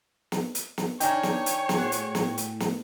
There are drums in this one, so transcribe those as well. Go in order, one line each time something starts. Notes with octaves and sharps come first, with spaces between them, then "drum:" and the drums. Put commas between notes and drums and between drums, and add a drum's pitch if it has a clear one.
drum: snare
drum: hi-hat
drum: snare
D#3 D4 D#4 C#5 G5 G#5, drum: hi-hat
drum: snare
drum: hi-hat
drum: snare
A2 F#4 G#4
drum: hi-hat
drum: snare
drum: hi-hat
drum: snare